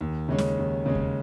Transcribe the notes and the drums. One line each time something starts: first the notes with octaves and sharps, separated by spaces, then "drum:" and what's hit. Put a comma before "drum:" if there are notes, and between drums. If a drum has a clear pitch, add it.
D#2
C#3 G#3 C#4
drum: snare C#4
D#2
C#3 G#3 C#4
drum: kick E2